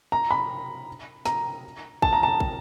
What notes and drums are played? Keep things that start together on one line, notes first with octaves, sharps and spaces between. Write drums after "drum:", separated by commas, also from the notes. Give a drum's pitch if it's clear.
A#5
B5
A#5, drum: snare
A5, drum: kick
A#5
A5
drum: kick